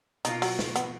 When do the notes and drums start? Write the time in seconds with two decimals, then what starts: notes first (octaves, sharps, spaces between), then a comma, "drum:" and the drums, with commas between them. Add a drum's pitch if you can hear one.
0.25 B2 A#3 D#4 F4, drum: hi-hat
0.42 F#3, drum: open hi-hat
0.59 drum: snare
0.76 B3, drum: hi-hat